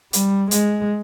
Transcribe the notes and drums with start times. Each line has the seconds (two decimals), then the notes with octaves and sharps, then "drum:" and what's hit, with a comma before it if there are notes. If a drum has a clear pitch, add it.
0.13 G3, drum: hi-hat
0.51 G#3, drum: hi-hat